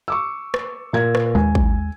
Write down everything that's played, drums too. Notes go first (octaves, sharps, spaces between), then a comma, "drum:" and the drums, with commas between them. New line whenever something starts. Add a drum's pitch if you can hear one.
C#6 D6 E6
drum: rim click
A#2 A#4 G#6
drum: rim click
D#2 G#3 G#5
drum: kick